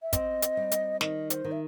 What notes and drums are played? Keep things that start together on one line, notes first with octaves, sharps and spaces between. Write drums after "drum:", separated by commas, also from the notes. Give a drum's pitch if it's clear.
E5
C4 D#5, drum: kick, hi-hat
drum: hi-hat
G3
drum: hi-hat
D#3 D#5, drum: snare
C5, drum: hi-hat
D#3
E5